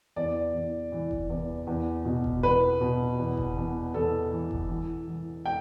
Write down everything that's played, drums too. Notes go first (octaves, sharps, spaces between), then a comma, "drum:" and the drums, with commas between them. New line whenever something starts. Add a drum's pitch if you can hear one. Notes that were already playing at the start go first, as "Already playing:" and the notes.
E2 D5
E2
E3
drum: kick F1
E2
E2
B2
drum: kick F1
E2 B4
B2
E2
drum: kick F1
E2
E2 A4
E3
drum: kick F1
E3
E3
G5